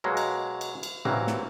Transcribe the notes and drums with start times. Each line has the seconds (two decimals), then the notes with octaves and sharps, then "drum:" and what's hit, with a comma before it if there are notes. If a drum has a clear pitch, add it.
0.04 B2 F#3 G#3 A#3
0.17 drum: cymbal
0.61 drum: cymbal
0.83 drum: cymbal
1.05 C3 E3 F#3 G3 A#3, drum: tom A2
1.27 drum: snare